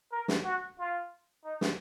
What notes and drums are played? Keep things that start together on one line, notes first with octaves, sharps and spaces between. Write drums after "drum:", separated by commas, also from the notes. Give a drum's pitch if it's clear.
A#4
drum: snare
F#4
F4
D#4
drum: snare